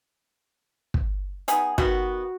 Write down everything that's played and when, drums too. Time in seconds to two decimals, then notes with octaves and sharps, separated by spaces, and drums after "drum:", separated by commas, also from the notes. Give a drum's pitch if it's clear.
0.94 drum: kick
1.48 B3 D#4 G#4, drum: hi-hat
1.78 B2 D#3 B3 F#4, drum: kick